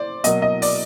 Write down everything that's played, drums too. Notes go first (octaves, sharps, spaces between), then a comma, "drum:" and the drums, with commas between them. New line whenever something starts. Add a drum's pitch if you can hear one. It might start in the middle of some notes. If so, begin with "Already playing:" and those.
Already playing: C5 D5
B2 F#3 A#3 D#5, drum: hi-hat
D#5
D5, drum: open hi-hat